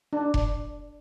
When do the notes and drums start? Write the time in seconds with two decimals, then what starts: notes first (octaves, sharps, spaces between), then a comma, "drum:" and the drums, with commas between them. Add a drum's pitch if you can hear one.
0.13 D4
0.34 drum: kick F1